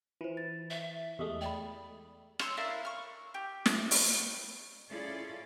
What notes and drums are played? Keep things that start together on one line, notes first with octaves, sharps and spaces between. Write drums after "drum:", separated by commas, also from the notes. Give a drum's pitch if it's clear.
E3 F4 C5
A6
E5
E2 G#3 A3 G4 D#6
D5 G5 B5
C#5 C6 E6, drum: rim click
D4 E4 A#4 F5
C#6 F6
G4
drum: snare
C#6, drum: open hi-hat
C#4 E4 F4 G#4 A4 D5